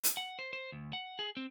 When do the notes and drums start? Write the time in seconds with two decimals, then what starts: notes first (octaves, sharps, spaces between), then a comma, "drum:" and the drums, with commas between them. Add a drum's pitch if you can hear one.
0.04 drum: hi-hat
0.17 F#5
0.39 C5
0.53 C5
0.72 D2
0.93 F#5
1.19 G#4
1.37 C4